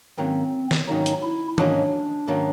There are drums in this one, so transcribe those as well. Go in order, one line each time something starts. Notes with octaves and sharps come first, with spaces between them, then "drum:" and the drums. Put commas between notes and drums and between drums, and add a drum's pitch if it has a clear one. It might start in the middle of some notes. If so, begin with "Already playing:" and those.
G#2 D#3 F#3 A#3 C4 C#4
drum: snare
G#2 D#3 F#3 A#3 C#4 D#4
drum: hi-hat
E4
G#2 D#3 F#3 A#3 C#4 D4, drum: tom E3
G#2 D#3 F#3 A#3 C#4